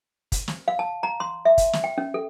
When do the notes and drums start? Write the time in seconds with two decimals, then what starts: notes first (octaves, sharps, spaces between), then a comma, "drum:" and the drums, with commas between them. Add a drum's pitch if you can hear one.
0.32 drum: kick, hi-hat
0.48 drum: snare
0.68 F5
0.79 A5
1.03 A#5
1.20 C6
1.45 E5
1.58 drum: kick, hi-hat
1.73 drum: snare
1.84 G5
1.98 C#4
2.14 A4